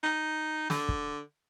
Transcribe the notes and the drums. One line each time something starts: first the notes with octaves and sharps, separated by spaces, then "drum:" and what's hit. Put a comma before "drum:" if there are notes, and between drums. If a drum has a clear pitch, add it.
D#4
D3, drum: snare
drum: kick